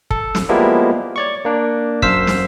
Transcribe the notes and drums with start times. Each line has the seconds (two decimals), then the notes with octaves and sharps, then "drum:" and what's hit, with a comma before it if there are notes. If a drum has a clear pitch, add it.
0.11 A4, drum: kick
0.35 drum: snare
0.49 F3 G3 G#3 A#3 B3 E4
1.16 C#5 D5 C#6
1.45 A#3 D4
2.02 F#2 C5 F5 E6 B6, drum: kick
2.27 drum: snare